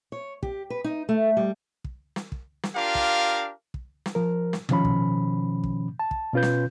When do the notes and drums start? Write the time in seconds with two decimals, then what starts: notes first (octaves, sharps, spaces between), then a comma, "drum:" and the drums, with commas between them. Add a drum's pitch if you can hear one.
0.12 C#5
0.43 G4, drum: kick
0.70 B4
0.84 D#4
1.09 A3
1.37 G3
1.84 drum: kick
2.16 drum: snare
2.32 drum: kick
2.63 drum: snare
2.75 D4 F4 G4 A#4 F5
2.95 drum: kick
3.74 drum: kick
4.06 drum: snare
4.15 F3 A#4
4.53 drum: snare
4.69 B2 D#3 F3 C#4 B5, drum: tom
4.85 drum: kick
5.64 drum: kick
5.99 A5
6.11 drum: kick
6.33 B2 C#4 F4 B4 G6
6.43 drum: snare